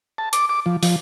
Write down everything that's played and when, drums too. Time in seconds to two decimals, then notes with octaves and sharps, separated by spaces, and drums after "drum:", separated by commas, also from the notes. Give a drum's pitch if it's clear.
0.18 A5
0.33 D6, drum: hi-hat
0.49 D6
0.66 F3
0.83 F3, drum: open hi-hat